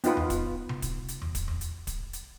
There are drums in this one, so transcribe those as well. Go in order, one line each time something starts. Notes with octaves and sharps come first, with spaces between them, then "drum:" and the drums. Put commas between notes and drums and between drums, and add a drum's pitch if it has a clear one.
B3 D#4 F4 B4, drum: hi-hat
drum: tom E2
drum: kick, hi-hat
drum: tom C3
drum: kick, hi-hat
drum: hi-hat
drum: tom E2
drum: kick, hi-hat
drum: tom E2
drum: hi-hat
drum: kick, hi-hat
drum: hi-hat